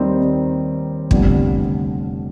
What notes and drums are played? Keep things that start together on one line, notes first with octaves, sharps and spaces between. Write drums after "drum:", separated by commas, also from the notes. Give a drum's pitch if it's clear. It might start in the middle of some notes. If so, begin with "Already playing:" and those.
Already playing: D#2 D#3 G3 C4 D#4
F1 F2 D3 G3 B3, drum: kick